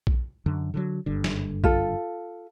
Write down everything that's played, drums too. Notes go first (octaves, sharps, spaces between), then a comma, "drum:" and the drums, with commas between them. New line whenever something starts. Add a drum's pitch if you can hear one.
drum: kick A#1
F#2 D3
D3 D#3 F#3
F#1 G2 D3
drum: snare
F4 A4, drum: kick A#1